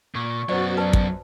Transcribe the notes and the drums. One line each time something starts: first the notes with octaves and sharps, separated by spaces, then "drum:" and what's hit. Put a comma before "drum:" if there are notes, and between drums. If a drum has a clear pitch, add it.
A#2 C#6
F#2 F#3 B3 F#4 C5 D5 A6
F#2 B4 D5 A5
drum: kick